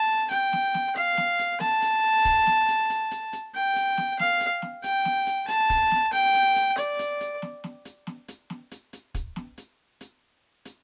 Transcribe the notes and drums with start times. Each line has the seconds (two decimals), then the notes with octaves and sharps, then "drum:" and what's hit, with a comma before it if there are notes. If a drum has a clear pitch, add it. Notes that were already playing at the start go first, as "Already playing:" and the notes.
Already playing: A5
0.31 G5, drum: hi-hat
0.53 drum: snare
0.74 drum: snare
0.96 F5, drum: hi-hat
1.17 drum: snare
1.39 drum: hi-hat
1.60 A5, drum: snare
1.82 drum: hi-hat
2.25 drum: kick, hi-hat
2.47 drum: snare
2.68 drum: hi-hat
2.90 drum: hi-hat
3.11 drum: hi-hat
3.33 drum: hi-hat
3.55 G5
3.76 drum: hi-hat
3.97 drum: snare
4.19 F5, drum: snare
4.41 drum: hi-hat
4.62 drum: snare
4.84 G5, drum: hi-hat
5.05 drum: snare
5.27 drum: hi-hat
5.48 A5, drum: hi-hat
5.70 drum: kick, hi-hat
5.91 drum: snare
6.13 G5, drum: hi-hat
6.34 drum: hi-hat
6.56 drum: hi-hat
6.78 D5, drum: hi-hat
6.99 drum: hi-hat
7.21 drum: hi-hat
7.42 drum: snare
7.64 drum: snare
7.85 drum: hi-hat
8.07 drum: snare
8.28 drum: hi-hat
8.50 drum: snare
8.71 drum: hi-hat
8.93 drum: hi-hat
9.15 drum: kick, hi-hat
9.36 drum: snare
9.58 drum: hi-hat
10.01 drum: hi-hat
10.65 drum: hi-hat